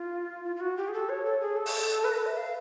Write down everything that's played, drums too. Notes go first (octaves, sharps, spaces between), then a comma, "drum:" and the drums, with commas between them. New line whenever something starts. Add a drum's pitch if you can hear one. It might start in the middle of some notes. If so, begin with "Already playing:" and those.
Already playing: F4
F4
F4
F#4
G4
G#4
A4
C#5
A4
G#4
A4
drum: open hi-hat
B4
A#4
B4
E5
F5